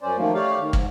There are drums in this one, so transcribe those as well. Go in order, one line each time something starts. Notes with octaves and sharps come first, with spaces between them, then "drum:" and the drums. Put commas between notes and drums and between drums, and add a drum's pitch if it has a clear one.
F#2 C#4 C5 D5
D#3 F3 A3 A#3
A3 G4 C#5 D5 F5
D#3
G#2, drum: kick